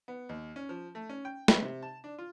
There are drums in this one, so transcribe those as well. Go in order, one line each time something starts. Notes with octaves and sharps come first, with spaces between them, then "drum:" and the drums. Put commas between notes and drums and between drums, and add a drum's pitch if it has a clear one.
B3
D#2
C#4
F3
A3
C#4
G5
G#3, drum: snare
C3
A5
D4
F4